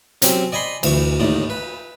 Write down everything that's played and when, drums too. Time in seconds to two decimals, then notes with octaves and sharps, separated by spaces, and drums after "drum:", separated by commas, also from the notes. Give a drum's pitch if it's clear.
0.22 F#3 C4 C#4 G4, drum: hi-hat
0.52 D5 D#5 G#5 B5 C6
0.83 D2 E3 C#6, drum: cymbal
1.20 D#2 A2 D#4 D5
1.50 B4